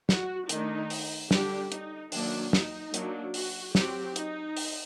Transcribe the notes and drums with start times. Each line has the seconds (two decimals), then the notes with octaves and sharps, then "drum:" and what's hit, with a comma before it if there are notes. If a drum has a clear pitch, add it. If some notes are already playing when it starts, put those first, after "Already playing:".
0.09 F#4, drum: snare
0.49 D#3 A3 D4 D#4, drum: hi-hat
0.90 drum: open hi-hat
1.31 D3 G3 D4 G4, drum: snare
1.72 D#4, drum: hi-hat
2.12 D#3 F#3 A#3 D4, drum: open hi-hat
2.53 D#4, drum: snare
2.94 F#3 A#3 D4, drum: hi-hat
3.34 F#4, drum: open hi-hat
3.75 F#3 C4 G4, drum: snare
4.16 D#4, drum: hi-hat
4.57 drum: open hi-hat